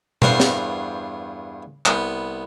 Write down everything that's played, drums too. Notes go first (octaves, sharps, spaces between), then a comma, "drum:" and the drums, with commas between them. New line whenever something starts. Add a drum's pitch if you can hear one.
E2 G2 F4 A#4 C5 F#5, drum: tom B2
drum: snare
C2 B3, drum: clap